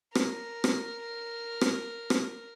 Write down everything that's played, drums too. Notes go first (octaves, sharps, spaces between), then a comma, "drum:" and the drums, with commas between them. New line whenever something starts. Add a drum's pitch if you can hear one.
A#4, drum: rim click
drum: rim click
drum: rim click
drum: rim click